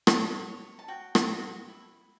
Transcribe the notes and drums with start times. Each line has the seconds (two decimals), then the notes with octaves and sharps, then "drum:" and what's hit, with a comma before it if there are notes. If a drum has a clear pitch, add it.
0.07 C#5 A5, drum: rim click
0.48 C#5
0.79 A5
0.88 F#4 G5
1.15 drum: rim click
1.28 F#4
1.68 E4